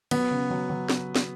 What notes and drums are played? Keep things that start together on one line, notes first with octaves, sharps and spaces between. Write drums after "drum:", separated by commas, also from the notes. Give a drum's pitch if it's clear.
F#3 B3, drum: cymbal
C#3
F#3
F#3
drum: snare
drum: snare